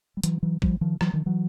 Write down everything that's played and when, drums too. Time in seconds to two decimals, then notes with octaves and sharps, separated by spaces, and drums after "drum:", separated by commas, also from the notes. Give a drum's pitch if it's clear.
0.17 G3
0.23 E3 F#3, drum: hi-hat
0.43 E3 F#3
0.62 F3 G3, drum: kick
0.81 D#3 F3
1.01 E3 F#3, drum: rim click
1.13 D#3 F3
1.26 E3 F#3